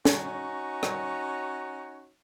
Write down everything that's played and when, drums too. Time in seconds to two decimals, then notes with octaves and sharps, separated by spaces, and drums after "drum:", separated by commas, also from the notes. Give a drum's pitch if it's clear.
0.05 C#4 D#4 F#4 C#5, drum: snare
0.83 drum: rim click